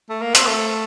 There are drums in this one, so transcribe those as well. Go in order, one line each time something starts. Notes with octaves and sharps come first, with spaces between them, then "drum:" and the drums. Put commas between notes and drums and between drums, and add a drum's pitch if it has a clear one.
A3
A#3
C4, drum: hi-hat
A3